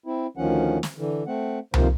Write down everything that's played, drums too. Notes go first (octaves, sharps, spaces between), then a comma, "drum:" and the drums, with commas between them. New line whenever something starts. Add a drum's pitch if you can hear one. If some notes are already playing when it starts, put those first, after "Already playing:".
C4 E4
D2 D#3 F3 C#4 F#5
drum: snare
D3 E3
A3 C4 F#5
F2 C3 D#3 F3 A#3 C5, drum: tom C2